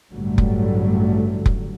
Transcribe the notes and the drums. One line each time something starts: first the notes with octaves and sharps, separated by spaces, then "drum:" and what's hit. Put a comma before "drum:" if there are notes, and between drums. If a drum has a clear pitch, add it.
A1 G2 D3 F#3 G3 A3
drum: kick F1
drum: kick F1